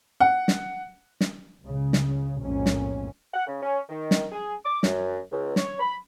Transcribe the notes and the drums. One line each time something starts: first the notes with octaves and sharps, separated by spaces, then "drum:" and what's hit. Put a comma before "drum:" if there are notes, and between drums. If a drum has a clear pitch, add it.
F#5
drum: snare
drum: snare
C#2 C#3
drum: snare
B1 F2 A2 G#3 A#3 C#4
drum: snare
F#5
C#3
C#4
D#3
drum: snare
G#4
D6
F#2, drum: snare
C#2
C#5, drum: snare
B5